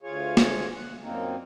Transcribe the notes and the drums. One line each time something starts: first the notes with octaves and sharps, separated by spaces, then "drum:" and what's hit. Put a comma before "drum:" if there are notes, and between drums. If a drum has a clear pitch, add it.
D2 F4 G#4 C#5
drum: snare
F#5
F#2 A#2 A#3 C4 D#4